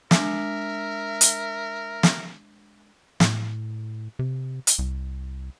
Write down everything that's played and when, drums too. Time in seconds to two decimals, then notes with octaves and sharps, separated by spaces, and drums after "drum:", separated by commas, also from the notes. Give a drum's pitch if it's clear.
0.11 G#3 D4 A#4 E5, drum: snare
1.21 drum: hi-hat
2.03 drum: snare
3.20 A2, drum: snare
4.19 C3
4.67 drum: hi-hat
4.79 C2